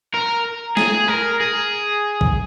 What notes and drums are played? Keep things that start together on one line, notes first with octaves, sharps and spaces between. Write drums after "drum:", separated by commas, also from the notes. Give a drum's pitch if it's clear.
A#4
G#4, drum: snare
A#4
G#4
drum: kick